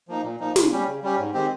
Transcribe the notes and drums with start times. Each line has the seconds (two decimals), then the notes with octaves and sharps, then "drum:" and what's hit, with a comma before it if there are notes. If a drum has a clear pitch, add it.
0.08 F3 A#3 D#4
0.24 A#2
0.40 F3 A#3 D#4
0.56 C#3, drum: snare
0.72 G3 C#4 G4
0.87 C#3
1.03 G3 C#4 G4
1.18 G#2
1.34 D#3 G#3 C4 G4